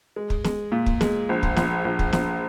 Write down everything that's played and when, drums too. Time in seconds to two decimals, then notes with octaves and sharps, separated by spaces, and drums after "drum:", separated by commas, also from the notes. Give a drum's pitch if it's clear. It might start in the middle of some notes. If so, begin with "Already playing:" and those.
0.16 G#3
0.30 drum: kick
0.44 G#3, drum: snare
0.72 A#2
0.86 drum: kick
1.01 G#3, drum: snare
1.29 A#1
1.43 drum: kick
1.56 A#1, drum: snare
1.85 A#1
1.99 drum: kick
2.13 A#1, drum: snare